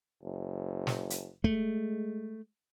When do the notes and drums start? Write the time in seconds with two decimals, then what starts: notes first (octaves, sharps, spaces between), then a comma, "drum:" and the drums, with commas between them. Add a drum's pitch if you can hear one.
0.23 F#1
0.87 drum: snare
1.10 drum: hi-hat
1.44 G#3 A3, drum: kick